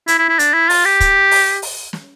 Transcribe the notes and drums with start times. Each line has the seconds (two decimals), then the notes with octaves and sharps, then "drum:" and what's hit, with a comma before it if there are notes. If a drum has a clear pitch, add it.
0.08 E4, drum: hi-hat
0.19 E4
0.29 E4
0.39 D4, drum: hi-hat
0.54 E4
0.70 F4, drum: open hi-hat
0.85 G4
1.00 drum: kick, hi-hat
1.31 drum: open hi-hat
1.62 drum: open hi-hat
1.93 drum: snare